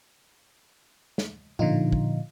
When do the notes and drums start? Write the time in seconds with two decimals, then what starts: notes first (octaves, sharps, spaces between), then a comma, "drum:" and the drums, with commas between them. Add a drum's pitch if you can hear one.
1.18 drum: snare
1.59 A#2 D3 F3 D#4 F4, drum: tom A2
1.92 drum: kick